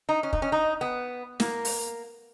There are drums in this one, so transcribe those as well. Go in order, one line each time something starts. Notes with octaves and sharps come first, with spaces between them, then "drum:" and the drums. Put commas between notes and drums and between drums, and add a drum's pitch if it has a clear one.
D#4
C#4
D#4, drum: kick
C#4
D#4
B3
A#3, drum: snare
drum: open hi-hat